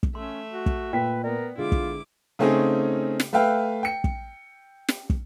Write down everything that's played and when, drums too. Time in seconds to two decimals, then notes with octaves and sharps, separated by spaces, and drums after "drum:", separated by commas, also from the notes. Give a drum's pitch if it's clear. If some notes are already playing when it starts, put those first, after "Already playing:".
0.03 drum: kick
0.15 A3 C#4 E5 C6
0.51 F#4
0.66 drum: kick
0.93 A#2 B4 G5 B6
1.24 B3 A#4 D5
1.57 D3 G#3 E4 F4 D6
1.72 drum: kick
2.39 C#3 A3 C4 C#4 D#4 G#4
3.20 drum: snare
3.33 A3 B4 E5 F5 G5
3.83 G5 C#7
4.04 drum: kick
4.88 drum: snare
5.10 drum: kick